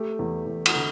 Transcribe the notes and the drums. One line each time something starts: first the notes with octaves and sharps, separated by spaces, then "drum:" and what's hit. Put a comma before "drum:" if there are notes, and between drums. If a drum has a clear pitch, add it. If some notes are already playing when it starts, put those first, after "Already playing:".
Already playing: A3 G4
E2
E2
drum: cymbal
D3